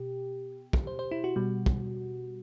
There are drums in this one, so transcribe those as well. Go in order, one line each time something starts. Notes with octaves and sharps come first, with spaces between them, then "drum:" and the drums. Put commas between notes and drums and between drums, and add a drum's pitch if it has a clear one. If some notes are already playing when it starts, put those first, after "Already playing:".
Already playing: B2 G4
drum: kick
C5
C5
E4
F#4
B2 G3
drum: kick